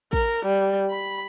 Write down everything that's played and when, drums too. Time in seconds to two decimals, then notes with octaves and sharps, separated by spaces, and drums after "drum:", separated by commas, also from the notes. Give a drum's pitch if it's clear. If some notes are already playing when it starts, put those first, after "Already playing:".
0.13 A#4, drum: kick
0.46 G3
0.90 B5